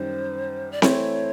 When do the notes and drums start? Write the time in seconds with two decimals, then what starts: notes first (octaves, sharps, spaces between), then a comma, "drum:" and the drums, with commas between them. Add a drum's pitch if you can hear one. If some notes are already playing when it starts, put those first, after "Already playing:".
Already playing: F#2 D#3 G3 C5
0.72 D5
0.82 E3 A3 C4 E4 C#5, drum: snare C4